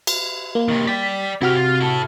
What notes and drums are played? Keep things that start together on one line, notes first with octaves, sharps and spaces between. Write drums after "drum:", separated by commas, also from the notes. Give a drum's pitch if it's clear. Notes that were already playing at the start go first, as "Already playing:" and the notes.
drum: cymbal
A#3
C3 D#3
D5 G5 B6
C3 E4 F#4 G4 F6
F4
E4 A4